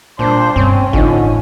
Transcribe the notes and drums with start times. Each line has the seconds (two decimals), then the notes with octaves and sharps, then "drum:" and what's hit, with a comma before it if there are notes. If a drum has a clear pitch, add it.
0.19 A#1 A#2 G3 D4 C5
0.56 G2 B2 C4 C#4
0.93 E2 A2 D3 D#4 F4, drum: kick G1